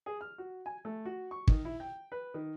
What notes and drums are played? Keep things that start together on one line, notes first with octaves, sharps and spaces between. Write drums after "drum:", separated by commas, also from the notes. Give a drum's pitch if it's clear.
G#4
F6
F#4
G#5
A3
F#4
C#6
D#3, drum: kick
E4
G5
B4
D#3